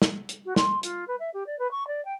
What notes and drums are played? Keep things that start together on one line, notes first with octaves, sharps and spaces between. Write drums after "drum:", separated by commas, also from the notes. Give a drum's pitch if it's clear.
drum: snare
drum: hi-hat
F#4
C6, drum: snare
F4, drum: hi-hat
B4
E5
G4
D5
B4
C#6
D5
G5